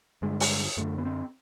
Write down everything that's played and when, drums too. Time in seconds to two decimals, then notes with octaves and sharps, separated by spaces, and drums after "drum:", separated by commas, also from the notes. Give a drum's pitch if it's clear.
0.22 G2 D3 G#3
0.40 drum: open hi-hat
0.77 F#2 D3 A3
0.98 B3
1.05 C4